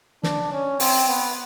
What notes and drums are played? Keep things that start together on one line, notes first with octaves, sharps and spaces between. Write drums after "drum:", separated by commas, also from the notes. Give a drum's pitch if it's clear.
D4, drum: snare
C#4
C4, drum: open hi-hat
B3